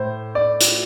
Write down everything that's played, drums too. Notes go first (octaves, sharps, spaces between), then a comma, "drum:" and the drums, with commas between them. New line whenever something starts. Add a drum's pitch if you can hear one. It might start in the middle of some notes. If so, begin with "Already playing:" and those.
Already playing: A2 C5
D5
drum: hi-hat